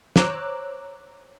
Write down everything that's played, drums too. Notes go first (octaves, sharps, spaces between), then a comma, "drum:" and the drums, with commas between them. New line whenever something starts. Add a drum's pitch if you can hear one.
C5 C#5 A#5 D6 E6 F#6, drum: snare